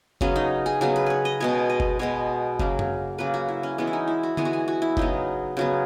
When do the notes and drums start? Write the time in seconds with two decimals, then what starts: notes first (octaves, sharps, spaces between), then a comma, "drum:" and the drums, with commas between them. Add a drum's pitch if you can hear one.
0.21 C#3 F#3 B3 C#4, drum: kick F#1
0.36 D#4
0.66 G#4
0.81 C#3 F#3 B3 G#4
0.96 B4
1.06 B4 C#5
1.25 D#5
1.40 B2 G#3 B3 C#5
1.70 D#5
1.80 drum: kick F#1
1.99 B2 G#3 B3 C#5
2.60 C#3 F#3 A#3, drum: kick F#1
2.79 drum: tom F#2
3.18 C#3 F#3 A#3 B4
3.34 F#4
3.48 E4
3.63 C#4
3.78 E3 G#3 B3 C#4
3.87 E4
3.93 D#4
4.08 E4
4.23 F#4
4.37 E3 G#3 B3 G#4, drum: tom D3
4.45 F#4
4.53 G#4
4.68 F#4
4.82 E4
4.97 C#3 F#3 B3 D#4, drum: kick F#1
5.57 C#3 F#3 B3